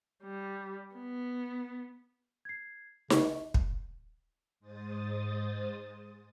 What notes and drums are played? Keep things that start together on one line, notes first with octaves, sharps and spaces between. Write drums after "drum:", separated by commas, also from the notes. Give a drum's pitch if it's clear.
G3
B3
G#6 C7
C#3 C#6, drum: snare D#4
drum: kick
G#2 G#3 C5 D#6 A6